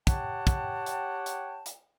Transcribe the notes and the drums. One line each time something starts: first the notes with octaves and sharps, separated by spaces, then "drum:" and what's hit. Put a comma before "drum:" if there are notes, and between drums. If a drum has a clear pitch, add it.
G4 C#5 F#5 G5 A5, drum: kick, hi-hat
drum: kick, hi-hat
drum: hi-hat
drum: hi-hat
drum: hi-hat